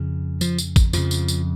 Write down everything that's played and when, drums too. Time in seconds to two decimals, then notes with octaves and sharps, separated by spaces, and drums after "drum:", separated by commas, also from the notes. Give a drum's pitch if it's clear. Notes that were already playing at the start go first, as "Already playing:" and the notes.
Already playing: F2 C#3
0.41 F3, drum: tambourine
0.59 drum: tambourine
0.76 drum: kick, tambourine
0.93 F2 C#3 F3, drum: tambourine
1.11 drum: tambourine
1.28 drum: tambourine